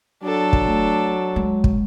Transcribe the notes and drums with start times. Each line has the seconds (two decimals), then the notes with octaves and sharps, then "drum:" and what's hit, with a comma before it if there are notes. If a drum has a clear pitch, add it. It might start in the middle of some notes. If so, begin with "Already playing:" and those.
0.23 F#3 D4 A4
0.53 drum: kick
0.67 A3
1.36 G#3
1.64 drum: kick